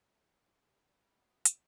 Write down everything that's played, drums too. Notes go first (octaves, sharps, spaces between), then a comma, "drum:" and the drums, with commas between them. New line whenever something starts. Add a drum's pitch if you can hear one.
A3
G2
G2
C3
G3
G3
G3
B3
C3
C3, drum: hi-hat